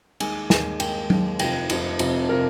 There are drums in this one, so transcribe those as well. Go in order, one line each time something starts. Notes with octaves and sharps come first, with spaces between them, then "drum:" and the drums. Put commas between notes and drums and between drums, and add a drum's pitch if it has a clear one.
D#2 D#3 G#3 G#5, drum: cymbal
D#2 D#3 G#3 G#5, drum: snare
D#2 D#3 G#3 G5, drum: cymbal
D#2 D#3 G#3, drum: tom F#3
F1 F2 C3 F3 G5, drum: cymbal
F1 F2 C3 F3, drum: cymbal
F1 F2 C3 F3, drum: cymbal
C3 F3 A#4